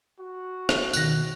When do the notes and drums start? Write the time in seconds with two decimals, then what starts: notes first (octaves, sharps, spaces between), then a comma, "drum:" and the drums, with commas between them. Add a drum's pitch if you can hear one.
0.19 F#4
0.69 drum: rim click
0.93 D2 B2 D#3 F#6 A#6, drum: tambourine